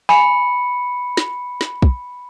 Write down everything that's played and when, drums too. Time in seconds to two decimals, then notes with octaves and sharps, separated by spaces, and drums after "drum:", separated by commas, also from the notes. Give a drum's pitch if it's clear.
0.09 G#5 B5 C#7
1.17 drum: snare
1.61 drum: snare
1.82 drum: kick